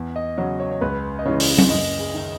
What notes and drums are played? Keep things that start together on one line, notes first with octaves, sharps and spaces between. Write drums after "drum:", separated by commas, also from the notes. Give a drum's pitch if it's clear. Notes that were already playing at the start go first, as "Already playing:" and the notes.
Already playing: E2
D#5
C#3 F#3 C#5
C#5
C#5
C#2 B4
D#5
C#3 E3 G#3 C#5
drum: open hi-hat
drum: tom F#3
F#1 D#5
G#4
D#3 D#4